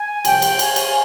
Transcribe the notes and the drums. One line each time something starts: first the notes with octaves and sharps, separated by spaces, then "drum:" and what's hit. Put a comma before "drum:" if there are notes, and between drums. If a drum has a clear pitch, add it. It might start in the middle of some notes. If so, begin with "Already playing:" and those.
Already playing: G#5
C2 A#2 F3 G5, drum: cymbal
drum: cymbal
G#5, drum: cymbal
drum: cymbal